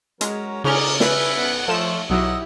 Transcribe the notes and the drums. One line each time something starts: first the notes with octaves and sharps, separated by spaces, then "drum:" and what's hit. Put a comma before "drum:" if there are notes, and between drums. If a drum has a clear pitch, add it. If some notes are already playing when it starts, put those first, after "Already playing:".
F#3 G#3 C#4 A#4, drum: hi-hat
C#3 C#4 G#4 A#4 D5 F6, drum: cymbal
G3 E4 B4 E5 G#5, drum: snare
B3 F#5
F3 A3 F4 A4 C#5 E7
B1 F#3 E4 G4 D#5 F#5 E6